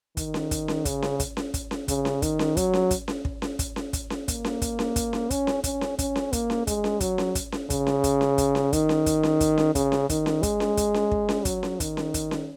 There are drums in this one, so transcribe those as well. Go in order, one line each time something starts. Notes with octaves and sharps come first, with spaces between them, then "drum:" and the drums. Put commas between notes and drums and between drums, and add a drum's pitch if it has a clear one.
D#3, drum: kick, hi-hat
drum: snare C#4
drum: kick, hi-hat
drum: snare C#4
C#3, drum: kick, hi-hat
drum: snare C#4
drum: kick, hi-hat
drum: snare C#4
drum: kick, hi-hat
drum: snare C#4
C#3, drum: kick, hi-hat
drum: snare C#4
D#3, drum: kick, hi-hat
drum: snare C#4
F#3, drum: kick, hi-hat
drum: snare C#4
drum: kick, hi-hat
drum: snare C#4
drum: kick
drum: snare C#4
drum: kick, hi-hat
drum: snare C#4
drum: kick, hi-hat
drum: snare C#4
A#3, drum: kick, hi-hat
drum: snare C#4
drum: kick, hi-hat
drum: snare C#4
drum: kick, hi-hat
drum: snare C#4
C#4, drum: kick, hi-hat
drum: snare C#4
C#4, drum: kick, hi-hat
drum: snare C#4
C#4, drum: kick, hi-hat
drum: snare C#4
A#3, drum: kick, hi-hat
drum: snare C#4
G#3, drum: kick, hi-hat
drum: snare C#4
F#3, drum: kick, hi-hat
drum: snare C#4
drum: kick, hi-hat
drum: snare C#4
C#3, drum: kick, hi-hat
drum: snare C#4
drum: kick, hi-hat
drum: snare C#4
drum: kick, hi-hat
drum: snare C#4
D#3, drum: kick, hi-hat
drum: snare C#4
drum: kick, hi-hat
drum: snare C#4
drum: kick, hi-hat
drum: snare C#4
C#3, drum: kick, hi-hat
drum: snare C#4
D#3, drum: kick, hi-hat
drum: snare C#4
G#3, drum: kick, hi-hat
drum: snare C#4
drum: kick, hi-hat
drum: snare C#4
drum: kick
drum: snare C#4
F#3, drum: kick, hi-hat
drum: snare C#4
D#3, drum: kick, hi-hat
drum: snare C#4
drum: kick, hi-hat
drum: snare C#4